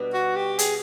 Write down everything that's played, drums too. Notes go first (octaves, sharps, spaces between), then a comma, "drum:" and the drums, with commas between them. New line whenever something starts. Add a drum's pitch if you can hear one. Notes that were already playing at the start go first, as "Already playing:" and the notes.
Already playing: B2 G3 B3 D4
F#4
G4
G#4, drum: hi-hat